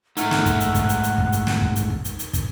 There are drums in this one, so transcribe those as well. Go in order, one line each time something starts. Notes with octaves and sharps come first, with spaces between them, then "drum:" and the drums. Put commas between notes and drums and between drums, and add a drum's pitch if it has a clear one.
G#2 A3 D#4 F#5 F6, drum: hi-hat
drum: snare
drum: kick, hi-hat
drum: hi-hat
drum: kick, hi-hat
drum: hi-hat
drum: hi-hat
drum: kick
drum: hi-hat
drum: snare
drum: kick
drum: hi-hat
drum: kick
drum: hi-hat
drum: hi-hat
drum: kick, hi-hat